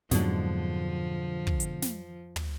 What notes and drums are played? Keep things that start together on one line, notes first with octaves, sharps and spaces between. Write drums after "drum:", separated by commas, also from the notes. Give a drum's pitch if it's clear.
F2 G#2 B2 D3 F3 F#3 G#3, drum: snare
drum: kick
drum: hi-hat
drum: snare
drum: tom